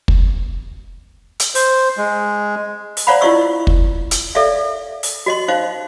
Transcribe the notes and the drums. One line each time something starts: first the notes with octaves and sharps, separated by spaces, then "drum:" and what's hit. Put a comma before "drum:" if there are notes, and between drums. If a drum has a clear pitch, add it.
drum: kick
drum: hi-hat
C5, drum: open hi-hat
G#3
drum: open hi-hat
C5 D5 F5 F#5 A#5 B5
E4 F4 D5 D#5 C#6 E6
drum: kick
drum: hi-hat
A4 D5 E5 F5
drum: open hi-hat
F#4 D#5 C6
D#4 C5 D#5 F5